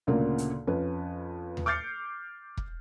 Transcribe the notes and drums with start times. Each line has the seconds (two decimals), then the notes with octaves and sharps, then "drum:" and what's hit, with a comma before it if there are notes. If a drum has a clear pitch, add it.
0.07 D2 A#2 C#3 A#3
0.38 drum: hi-hat
0.67 F2 C#4 B4
1.57 drum: tom D#2
1.66 D6 F6 G6 A6 C7 C#7
2.57 drum: kick E1